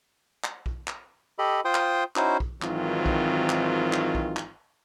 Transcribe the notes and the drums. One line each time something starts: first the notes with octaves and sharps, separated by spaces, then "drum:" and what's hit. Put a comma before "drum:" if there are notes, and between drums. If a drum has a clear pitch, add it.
drum: clap
drum: kick B1
drum: clap
G4 A4 D#5 B5
F4 C5 G5 C6 D#6
drum: clap
C#4 D#4 E4 F#4 C5, drum: clap
drum: kick B1
G#1 D#3 E3 F#3 C4 F4, drum: clap
drum: kick B1
drum: clap
drum: clap
drum: kick B1
drum: clap